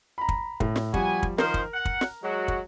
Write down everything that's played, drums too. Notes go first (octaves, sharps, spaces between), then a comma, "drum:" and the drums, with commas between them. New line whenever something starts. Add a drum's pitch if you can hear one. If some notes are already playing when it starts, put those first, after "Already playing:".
A#5 B5
drum: kick
A2, drum: kick
drum: snare
F3 G3 B3 F#4 G#5, drum: kick
drum: kick
D#3 F3 A#4 C5, drum: snare
drum: kick
F#5
drum: kick
drum: snare
F#3 G#3 F#4
drum: kick